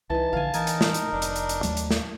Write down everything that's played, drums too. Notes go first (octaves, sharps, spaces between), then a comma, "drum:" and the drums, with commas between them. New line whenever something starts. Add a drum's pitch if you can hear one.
C2 E3 D#4 A5
A#1 D3 F5 G#5
E3 D#4 A#4 G#5, drum: hi-hat
drum: hi-hat
drum: snare
drum: hi-hat
F1 D4
drum: hi-hat
drum: hi-hat
drum: hi-hat
D#2 F#3 A3, drum: hi-hat
drum: hi-hat
drum: snare